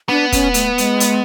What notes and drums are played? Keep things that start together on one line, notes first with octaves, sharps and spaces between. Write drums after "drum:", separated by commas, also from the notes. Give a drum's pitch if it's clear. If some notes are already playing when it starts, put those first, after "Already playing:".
B3 D4
C#4, drum: kick, hi-hat
A3, drum: hi-hat
G#3, drum: hi-hat
drum: hi-hat